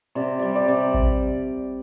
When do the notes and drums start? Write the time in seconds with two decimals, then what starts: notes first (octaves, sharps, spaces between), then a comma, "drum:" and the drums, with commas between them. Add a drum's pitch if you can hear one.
0.15 C3 D5
0.39 G3 D5
0.55 D5
0.68 C3
0.94 drum: kick A1